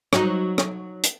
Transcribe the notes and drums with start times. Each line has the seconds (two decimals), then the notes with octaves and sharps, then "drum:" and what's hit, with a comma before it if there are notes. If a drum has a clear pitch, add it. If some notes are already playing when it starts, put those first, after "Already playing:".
0.13 F#3 D#4, drum: rim click
0.58 drum: rim click
1.03 drum: hi-hat